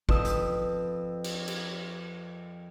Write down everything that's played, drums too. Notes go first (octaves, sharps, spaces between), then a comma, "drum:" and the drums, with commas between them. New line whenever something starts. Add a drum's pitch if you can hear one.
F2 F3 B4 D#6 E6, drum: kick
drum: hi-hat
drum: cymbal
drum: cymbal